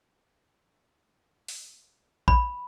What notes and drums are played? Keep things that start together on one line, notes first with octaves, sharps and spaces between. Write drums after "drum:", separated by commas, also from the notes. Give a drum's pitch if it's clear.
drum: open hi-hat
B5, drum: kick A#1